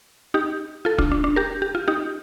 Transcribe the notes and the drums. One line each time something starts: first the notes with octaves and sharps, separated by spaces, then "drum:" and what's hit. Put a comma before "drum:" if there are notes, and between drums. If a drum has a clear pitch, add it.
D#4 G4
F4 A4
D4 F4, drum: kick
D4
D4
G4 A#4
G4
F4
D#4 G4